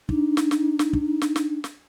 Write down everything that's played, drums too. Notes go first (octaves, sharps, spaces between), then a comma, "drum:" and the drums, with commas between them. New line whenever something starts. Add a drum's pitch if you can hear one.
D4 D#4, drum: kick
drum: snare
drum: snare
drum: snare
drum: kick
drum: snare
drum: snare
drum: snare